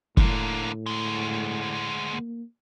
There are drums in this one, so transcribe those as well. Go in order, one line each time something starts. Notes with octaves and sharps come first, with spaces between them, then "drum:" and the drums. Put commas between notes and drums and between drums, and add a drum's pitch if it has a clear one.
A2 D3 A#3, drum: kick
D2 G#3
A#3